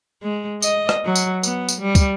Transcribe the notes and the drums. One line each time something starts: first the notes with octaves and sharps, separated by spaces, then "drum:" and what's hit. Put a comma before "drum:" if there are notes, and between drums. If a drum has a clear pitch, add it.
G#3
D#5, drum: tambourine
drum: rim click
F#3
drum: tambourine
B3, drum: tambourine
drum: tambourine
G3
drum: kick, tambourine